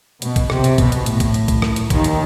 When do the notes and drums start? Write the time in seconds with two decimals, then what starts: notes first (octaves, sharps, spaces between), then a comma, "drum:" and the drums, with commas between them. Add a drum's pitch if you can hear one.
0.22 B2, drum: hi-hat
0.36 drum: kick A#1, hi-hat
0.50 C3, drum: rim click
0.64 drum: hi-hat
0.78 B2, drum: kick A#1, hi-hat
0.92 drum: hi-hat
1.06 A2, drum: hi-hat
1.20 drum: kick A#1, hi-hat
1.34 drum: hi-hat
1.48 drum: kick A#1, hi-hat
1.62 drum: rim click
1.76 drum: hi-hat
1.90 D#2 D#3, drum: kick A#1, hi-hat
2.04 drum: hi-hat